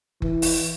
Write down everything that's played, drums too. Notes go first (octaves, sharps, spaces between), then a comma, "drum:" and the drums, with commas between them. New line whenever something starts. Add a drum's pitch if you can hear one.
E3, drum: kick F#1
drum: open hi-hat